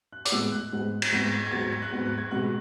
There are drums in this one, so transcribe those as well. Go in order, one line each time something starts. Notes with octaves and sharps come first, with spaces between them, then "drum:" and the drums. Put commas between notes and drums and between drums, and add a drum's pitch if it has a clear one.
F#6
D6, drum: hi-hat
A2 G#3 B3 E6
F#6
G#2 G#3 B3
drum: cymbal
G#2 G#3 B3
G#6
G#2 F#3 B3 A6
G#6
G#6
F#6
G#2 F#3 B3
F#6
G#6
B2 G#3 B3 F#6